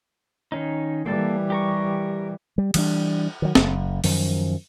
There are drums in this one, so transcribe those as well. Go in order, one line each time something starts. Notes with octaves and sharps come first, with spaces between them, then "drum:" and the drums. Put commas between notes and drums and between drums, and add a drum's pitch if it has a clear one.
D#3 C#4 D#4
E3 G3 A#3 A4 A5
G4 A#4 C#6
G3
E3 G3 A3 D4, drum: cymbal
D#3 F#3
F#1, drum: snare
F#2 D#3 F3, drum: open hi-hat